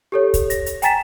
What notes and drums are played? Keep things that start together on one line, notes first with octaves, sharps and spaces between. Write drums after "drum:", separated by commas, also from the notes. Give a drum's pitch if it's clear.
G4 A4 C#5
drum: kick, hi-hat
A#6, drum: hi-hat
drum: hi-hat
G5 G#5 A#5 A6 B6 E7, drum: hi-hat